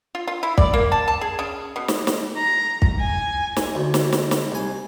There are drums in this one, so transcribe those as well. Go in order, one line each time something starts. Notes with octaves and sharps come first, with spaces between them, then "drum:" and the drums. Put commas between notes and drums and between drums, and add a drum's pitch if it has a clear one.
F4
F4
E4
D5, drum: kick
A#3
A5
A5
G#4
C#3
B2
drum: snare
drum: snare
A#5
drum: kick
G#5
drum: snare
D2
drum: snare
drum: snare
drum: snare
C2 G#5